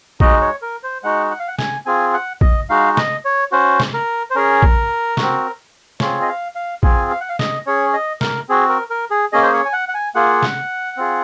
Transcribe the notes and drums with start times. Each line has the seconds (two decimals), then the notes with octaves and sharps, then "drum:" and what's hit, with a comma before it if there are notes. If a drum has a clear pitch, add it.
0.20 G#3 D#4 F#4 D#5, drum: kick
0.41 C#5
0.62 A#4
0.83 C5
1.03 G#3 D#4 F#4 F#5
1.31 F#5
1.39 F5
1.48 F#5
1.59 G#5, drum: snare
1.86 C4 F4 G#4 G#5
2.13 F#5
2.41 D#5, drum: kick
2.69 G#3 D#4 F#4 F5
2.97 D#5, drum: snare
3.25 C#5
3.52 C#4 F#4 C5
3.80 drum: snare
3.94 A#4
4.30 C5
4.35 C#4 G#4 A#4
4.63 drum: kick
5.17 F#4, drum: snare
5.22 C4
6.00 C4 F4 G#4 C#5, drum: snare
6.21 D#5
6.29 F5
6.55 F5
6.83 C4 F4 G#4 G#5, drum: kick
7.11 F5
7.20 F#5
7.29 F5
7.39 D#5, drum: snare
7.66 C#4 G#4 C#5
7.93 D#5
8.21 A#4, drum: snare
8.49 C4 F#4 G#4
8.69 A#4
8.90 A#4
9.11 G#4
9.33 A#3 C#4 G#4 D#5
9.43 C5
9.53 C#5
9.65 G#5
9.73 F#5
9.89 F#5
9.94 G#5
10.15 A#3 F4 G#4 F#5
10.42 drum: snare
10.97 C4 F4 G#4